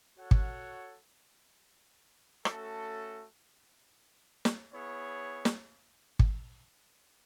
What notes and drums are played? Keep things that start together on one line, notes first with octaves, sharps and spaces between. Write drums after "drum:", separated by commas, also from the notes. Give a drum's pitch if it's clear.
F#4 A4 C#5 F#5
drum: kick
A3 C#4 F#4 A4, drum: rim click
drum: snare
B3 E4 G#4 C#5
drum: snare
drum: kick